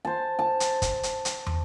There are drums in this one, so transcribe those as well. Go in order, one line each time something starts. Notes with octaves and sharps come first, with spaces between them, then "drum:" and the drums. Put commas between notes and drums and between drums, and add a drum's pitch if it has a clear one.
C5 A5
A5
drum: hi-hat
drum: kick, hi-hat
drum: hi-hat
drum: hi-hat
drum: tom